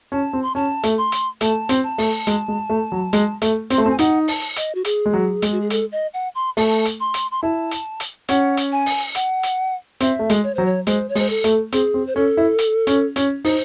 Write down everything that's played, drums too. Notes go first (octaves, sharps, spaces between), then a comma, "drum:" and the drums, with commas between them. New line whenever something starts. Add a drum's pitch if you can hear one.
C#4 A5
C4
C6
C#4 A5
A3, drum: hi-hat
C6
drum: hi-hat
A3 A5, drum: hi-hat
C4, drum: hi-hat
A5
A3, drum: open hi-hat
G#3, drum: hi-hat
G#3
A3
F#3
G#3, drum: hi-hat
A3, drum: hi-hat
C4, drum: hi-hat
C6
A3
A5
C4
G#5
D#4 F#5, drum: hi-hat
A5, drum: open hi-hat
D#5, drum: hi-hat
F#4
G#4, drum: hi-hat
G#3
F#3
G#3, drum: hi-hat
F#4
G#4
A4, drum: hi-hat
D#5
F#5
C6
A3 A5, drum: open hi-hat
drum: hi-hat
C6
drum: hi-hat
C6
E4 A5
drum: hi-hat
drum: hi-hat
C#4 F#5, drum: hi-hat
drum: hi-hat
G#5
drum: open hi-hat
F#5, drum: hi-hat
drum: hi-hat
C4 E5, drum: hi-hat
A3
G#3, drum: hi-hat
C#5
F#3 C5
C#5
G#3 C5, drum: hi-hat
C#5
G#3, drum: open hi-hat
C5
A4
A3, drum: hi-hat
C4 G#4, drum: hi-hat
C4
C5
C#4 A4
E4
drum: hi-hat
C#4, drum: hi-hat
C#4, drum: hi-hat
D#4 C5, drum: open hi-hat